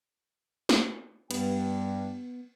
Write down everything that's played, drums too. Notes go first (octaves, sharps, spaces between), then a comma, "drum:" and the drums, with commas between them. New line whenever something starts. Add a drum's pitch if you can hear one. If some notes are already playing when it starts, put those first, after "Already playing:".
drum: snare
G2 B3 D4 G5, drum: cymbal